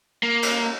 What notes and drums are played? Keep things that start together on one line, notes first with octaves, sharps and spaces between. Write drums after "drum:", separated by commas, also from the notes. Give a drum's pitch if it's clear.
A#3
drum: cymbal